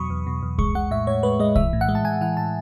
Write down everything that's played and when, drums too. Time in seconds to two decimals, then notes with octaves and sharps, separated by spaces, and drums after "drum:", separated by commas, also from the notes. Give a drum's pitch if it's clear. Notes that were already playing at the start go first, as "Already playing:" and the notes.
Already playing: E2 B2 F#3 B5 C#6 D#6
0.10 E2
0.27 B2
0.42 E2
0.58 G#3 C#6, drum: kick
0.75 G#3 F#5
0.91 A2 E5
1.07 A2 C#5
1.23 G#3 B4
1.39 G#3 D#5
1.56 E3 E5, drum: kick
1.73 A2
1.81 F#5
1.88 G#3
1.95 A5
2.04 A2 G#5
2.21 E3 F#5
2.37 A2 A5